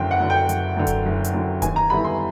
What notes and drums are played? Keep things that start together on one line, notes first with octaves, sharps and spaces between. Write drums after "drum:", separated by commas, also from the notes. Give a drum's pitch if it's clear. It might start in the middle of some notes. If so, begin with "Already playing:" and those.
Already playing: F#1 F#2 D3 G5 C6
F#5
F#2 D3
G5
F#1, drum: hi-hat
F#2 D3
drum: kick D#1, hi-hat
F#1
drum: hi-hat
F#2 D3
D#2 G#5, drum: kick D#1, hi-hat
A#5
D3 G3 B3 E4 B5
C6